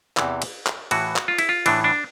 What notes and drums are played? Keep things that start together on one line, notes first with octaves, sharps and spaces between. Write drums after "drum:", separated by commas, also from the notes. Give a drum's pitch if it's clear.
E2 C3 E3, drum: clap
drum: cymbal
drum: clap
A2 E3 F#4, drum: cymbal
drum: clap
F4
E4, drum: cymbal
F4
A2 E3 D4, drum: cymbal
D4